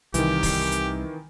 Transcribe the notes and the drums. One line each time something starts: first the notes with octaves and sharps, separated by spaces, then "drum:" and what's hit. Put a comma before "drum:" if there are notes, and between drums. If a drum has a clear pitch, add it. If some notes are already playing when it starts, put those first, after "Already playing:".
C2 D#3 E3 G4, drum: hi-hat
drum: kick, open hi-hat
drum: hi-hat